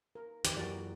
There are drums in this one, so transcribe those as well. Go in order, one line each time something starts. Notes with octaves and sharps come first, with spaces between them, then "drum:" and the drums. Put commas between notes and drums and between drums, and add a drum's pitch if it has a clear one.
A#4
E2 D#3 G4 D6, drum: hi-hat
F#2 E3 F#4 A#4 D5